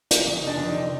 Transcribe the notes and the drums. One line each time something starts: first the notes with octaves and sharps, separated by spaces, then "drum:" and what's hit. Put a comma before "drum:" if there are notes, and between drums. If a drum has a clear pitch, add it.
drum: hi-hat
F2
F1 D#4
D4
F2
D#4
F1